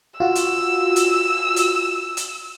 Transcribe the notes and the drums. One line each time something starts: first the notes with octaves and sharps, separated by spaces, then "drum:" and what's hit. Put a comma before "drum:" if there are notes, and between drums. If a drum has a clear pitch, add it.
F4 F#4 E6
drum: hi-hat
drum: hi-hat
drum: hi-hat
drum: hi-hat